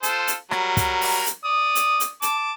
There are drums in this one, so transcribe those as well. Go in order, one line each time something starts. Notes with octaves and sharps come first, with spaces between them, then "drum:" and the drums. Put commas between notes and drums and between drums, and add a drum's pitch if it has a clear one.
F4 A4 C5, drum: hi-hat
drum: hi-hat
F#3 G3 A#4, drum: rim click
drum: kick, hi-hat
drum: open hi-hat
drum: hi-hat
D5 D#6
drum: hi-hat
drum: hi-hat
A5 D6, drum: hi-hat